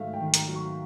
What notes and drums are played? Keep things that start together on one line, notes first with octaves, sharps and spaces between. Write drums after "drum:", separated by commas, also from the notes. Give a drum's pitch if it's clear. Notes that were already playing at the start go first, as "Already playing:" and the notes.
Already playing: G#2 D#3 F#3 A3 E5 F5
G5
D#3
A#5, drum: hi-hat
F#3
C#6